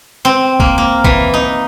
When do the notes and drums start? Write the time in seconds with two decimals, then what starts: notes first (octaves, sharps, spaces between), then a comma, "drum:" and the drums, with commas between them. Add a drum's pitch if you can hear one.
0.25 C4
0.60 A#3, drum: kick
0.78 A#3
1.04 E3, drum: kick
1.34 D#4